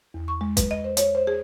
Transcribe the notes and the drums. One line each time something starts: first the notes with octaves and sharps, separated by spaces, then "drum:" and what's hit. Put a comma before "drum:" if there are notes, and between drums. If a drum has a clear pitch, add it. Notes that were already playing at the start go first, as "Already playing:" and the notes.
E2
C#6
G#3
B4, drum: kick, hi-hat
D#5
C5
C#5, drum: hi-hat
C5
G#4